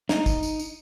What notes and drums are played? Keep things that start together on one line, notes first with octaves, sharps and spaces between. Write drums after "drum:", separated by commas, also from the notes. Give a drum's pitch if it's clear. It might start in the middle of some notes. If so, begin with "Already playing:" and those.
D#4, drum: snare
drum: kick, tambourine
drum: tambourine
drum: tambourine